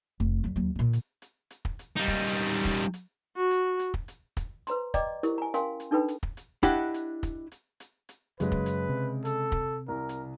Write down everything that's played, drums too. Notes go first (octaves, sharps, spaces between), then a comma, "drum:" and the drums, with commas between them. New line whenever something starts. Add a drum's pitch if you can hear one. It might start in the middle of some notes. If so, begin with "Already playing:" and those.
F1
F2 F#3
D#2 F#3
A#2 D3
drum: hi-hat
drum: hi-hat
drum: hi-hat
drum: kick
drum: hi-hat
G3 D#4
drum: kick, hi-hat
drum: hi-hat
drum: kick, hi-hat
drum: hi-hat
F#4
drum: hi-hat
drum: hi-hat
drum: kick
drum: hi-hat
drum: kick, hi-hat
B4 C5 A#5 C6, drum: hi-hat
D5 D#5 G5 A#5 D6, drum: kick, hi-hat
E4 G4 A#4 C5, drum: hi-hat
G#5 A#5
C#4 A#4 F5 G5 G#5 C6, drum: hi-hat
drum: hi-hat
D4 D#4 A4 B4 G5 B5
drum: hi-hat
drum: kick
drum: hi-hat
D4 E4 G4 D#5 F#5, drum: kick, hi-hat
drum: hi-hat
drum: kick, hi-hat
drum: hi-hat
drum: hi-hat
drum: hi-hat
F#2 C#3 F#3 G#3 B4, drum: hi-hat
drum: kick
drum: hi-hat
C3
A4, drum: hi-hat
drum: kick
C2 A#4
drum: hi-hat